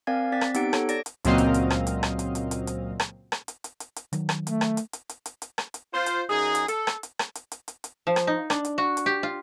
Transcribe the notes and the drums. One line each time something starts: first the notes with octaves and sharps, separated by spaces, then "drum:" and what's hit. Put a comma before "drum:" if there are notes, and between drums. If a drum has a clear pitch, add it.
C4 A#4 D5 F5 G#5 G#6
C4 D5 A6 B6
drum: rim click
B3 D#4 G4 F#5 D7, drum: hi-hat
A4 C#5, drum: rim click
D5 A#6 D7, drum: hi-hat
drum: hi-hat
C#2 A#2 F#3 C4 D#5 F5, drum: hi-hat
drum: hi-hat
drum: hi-hat
drum: rim click
drum: hi-hat
drum: rim click
drum: hi-hat
drum: hi-hat
drum: hi-hat
drum: hi-hat
drum: rim click
drum: rim click
drum: hi-hat
drum: hi-hat
drum: hi-hat
drum: hi-hat
D#3 F#3, drum: hi-hat
drum: rim click
A3, drum: hi-hat
drum: rim click
drum: hi-hat
drum: hi-hat
drum: hi-hat
drum: hi-hat
drum: hi-hat
drum: rim click
drum: hi-hat
F4 C5
drum: hi-hat
F#2 D#4 G#4
drum: hi-hat
A4, drum: hi-hat
drum: rim click
drum: hi-hat
drum: rim click
drum: hi-hat
drum: hi-hat
drum: hi-hat
drum: hi-hat
F3
drum: rim click
D#4
D4, drum: rim click
drum: hi-hat
F#4
drum: hi-hat
G4
F4